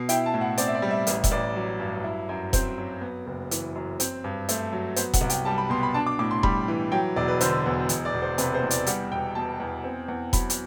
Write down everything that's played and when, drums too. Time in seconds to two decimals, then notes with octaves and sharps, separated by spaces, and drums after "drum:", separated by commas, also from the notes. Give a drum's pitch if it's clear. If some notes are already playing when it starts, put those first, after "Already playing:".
Already playing: B2
0.09 E4 G5, drum: hi-hat
0.26 A5
0.34 A2
0.41 F#5
0.58 C4 D5, drum: hi-hat
0.67 E5
0.75 D5
0.82 G3
0.91 E5
1.07 A1 E5, drum: hi-hat
1.24 E5, drum: kick E1, hi-hat
1.32 A1 D5
1.56 F#3
1.80 G2
2.04 E4
2.29 F#2
2.53 C4 C5, drum: kick E1, hi-hat
2.78 F#3
3.01 B3
3.27 F#1
3.51 E3, drum: hi-hat
3.75 F#2
4.00 C4, drum: hi-hat
4.24 G2
4.49 A3 C5, drum: hi-hat
4.73 F#3
4.96 B3 C5, drum: hi-hat
5.14 F#5, drum: kick E1, hi-hat
5.21 C2
5.30 G5, drum: hi-hat
5.45 G3 A5
5.58 B5
5.70 B2 C6
5.83 B5
5.94 D4 A5
6.06 D6
6.19 A2 D6
6.31 C6
6.43 G3 B5, drum: kick E1
6.68 E3
6.92 F#3 G5
7.16 E1 D5
7.28 B4
7.41 D3 C5, drum: hi-hat
7.66 E2
7.89 E1, drum: hi-hat
8.05 D5
8.14 E1
8.22 C5
8.38 C3 B4, drum: hi-hat
8.54 C5
8.63 E2
8.71 D5, drum: hi-hat
8.87 G3 F#5, drum: hi-hat
9.12 E1 G5
9.35 B2 A5
9.60 E2
9.84 C4
10.08 E2
10.33 F#3 B5, drum: kick E1, hi-hat
10.50 drum: hi-hat